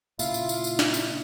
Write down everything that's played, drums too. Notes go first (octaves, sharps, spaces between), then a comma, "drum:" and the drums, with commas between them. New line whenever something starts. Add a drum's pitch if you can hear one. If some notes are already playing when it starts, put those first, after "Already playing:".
A#2 C#3 E4 F4, drum: tambourine
drum: tambourine
drum: tambourine
drum: tambourine
drum: snare
drum: tambourine